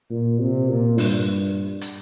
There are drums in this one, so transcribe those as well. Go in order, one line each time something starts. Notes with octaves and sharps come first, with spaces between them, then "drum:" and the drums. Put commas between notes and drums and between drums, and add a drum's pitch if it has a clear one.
A#2
C3
A#2
G2, drum: open hi-hat
drum: hi-hat